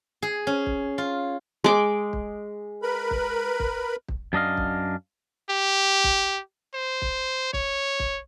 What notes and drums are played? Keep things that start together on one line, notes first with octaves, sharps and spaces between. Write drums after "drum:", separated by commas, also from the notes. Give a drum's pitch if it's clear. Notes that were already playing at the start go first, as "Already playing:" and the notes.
G#4
C#4
drum: kick
F4
G#3 D6
drum: kick
A#4 B4 B5
drum: kick
drum: kick
drum: kick
F#2 D4 D#5 F5
drum: kick
G4
drum: kick
C5
drum: kick
C#5, drum: kick
drum: kick